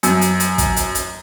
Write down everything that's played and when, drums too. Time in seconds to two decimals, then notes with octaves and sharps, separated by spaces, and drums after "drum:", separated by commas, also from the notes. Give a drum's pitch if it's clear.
0.03 F#2, drum: hi-hat
0.21 drum: hi-hat
0.40 drum: hi-hat
0.58 drum: kick, hi-hat
0.76 drum: hi-hat
0.95 drum: hi-hat